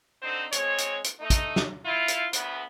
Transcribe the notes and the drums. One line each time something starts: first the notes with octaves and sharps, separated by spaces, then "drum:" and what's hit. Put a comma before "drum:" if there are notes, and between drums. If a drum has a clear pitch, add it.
D3 C4 D#4 C5
G#3 C4 C#5, drum: hi-hat
drum: hi-hat
drum: hi-hat
A3 D#4
drum: kick, hi-hat
drum: snare
E4 F4
drum: hi-hat
D2 B3, drum: hi-hat